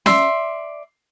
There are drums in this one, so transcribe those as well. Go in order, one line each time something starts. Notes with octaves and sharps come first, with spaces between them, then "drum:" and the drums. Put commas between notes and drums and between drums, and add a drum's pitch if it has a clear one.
D5 E5 C6, drum: snare C#4